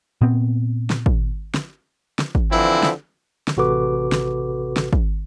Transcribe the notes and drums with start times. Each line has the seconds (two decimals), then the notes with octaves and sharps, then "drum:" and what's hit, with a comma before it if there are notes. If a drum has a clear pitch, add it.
0.21 A#2 B3 C4
0.90 drum: snare
1.06 drum: kick
1.54 drum: snare
2.19 drum: snare
2.35 drum: kick
2.51 D3 E3 F3 C4 E4
2.83 drum: snare
3.48 drum: snare
3.57 A1 C3 F#4 A4 B4 D6
4.12 drum: snare
4.76 drum: snare
4.93 drum: kick